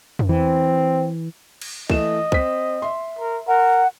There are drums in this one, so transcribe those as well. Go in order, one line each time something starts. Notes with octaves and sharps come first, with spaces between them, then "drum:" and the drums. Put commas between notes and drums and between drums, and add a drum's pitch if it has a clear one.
drum: tom
E3 C4
drum: cymbal
E3 A3 D#5 E7, drum: kick
C4 B6, drum: kick
E5 C6
A#4
A#4 F#5